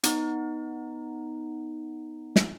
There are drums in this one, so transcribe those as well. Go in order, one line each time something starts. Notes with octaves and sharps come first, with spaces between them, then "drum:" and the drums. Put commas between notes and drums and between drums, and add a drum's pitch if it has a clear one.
B3 D#4, drum: hi-hat
drum: snare